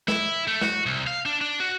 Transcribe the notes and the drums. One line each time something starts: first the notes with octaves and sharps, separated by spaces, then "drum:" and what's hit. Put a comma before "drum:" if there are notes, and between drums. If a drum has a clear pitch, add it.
E4, drum: snare
A3
F#4, drum: snare
C2
F5
D4
D4
F#4